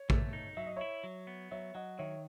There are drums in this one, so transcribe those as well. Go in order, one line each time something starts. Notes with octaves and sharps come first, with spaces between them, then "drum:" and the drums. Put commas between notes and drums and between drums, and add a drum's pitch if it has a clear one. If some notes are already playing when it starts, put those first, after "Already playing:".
Already playing: C#5
A3, drum: kick A1
D#4
F#3 E5
D#5
E4 C#5 E5
F#3
B3
F#3 C#5 E5
F#3 D#5 F#5
D#3 C#5 E5